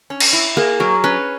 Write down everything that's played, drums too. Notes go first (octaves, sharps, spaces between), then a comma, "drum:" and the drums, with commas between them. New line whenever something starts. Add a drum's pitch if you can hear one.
C#4
drum: cymbal
E4
A#3 G#4
F#3 A#4
C#4 B4